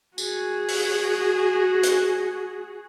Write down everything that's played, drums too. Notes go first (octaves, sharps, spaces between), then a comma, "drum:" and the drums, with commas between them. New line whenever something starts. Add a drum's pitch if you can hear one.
F#4 G#4, drum: tambourine
drum: open hi-hat
drum: hi-hat